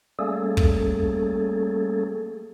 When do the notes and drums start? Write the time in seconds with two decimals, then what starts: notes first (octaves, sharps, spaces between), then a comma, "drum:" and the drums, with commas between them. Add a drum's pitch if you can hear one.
0.19 G3 A3 A#3 C#4 G#4 A4
0.57 drum: kick